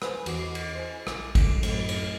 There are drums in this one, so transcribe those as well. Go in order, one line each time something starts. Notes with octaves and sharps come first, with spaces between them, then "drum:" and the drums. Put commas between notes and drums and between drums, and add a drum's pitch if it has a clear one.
B4 C5 G#5, drum: rim click
E2 F#4 D6 C7, drum: cymbal
drum: cymbal
C5 G#5
A#1 D6, drum: rim click
drum: kick, cymbal
F#2 A2 A3, drum: cymbal
drum: cymbal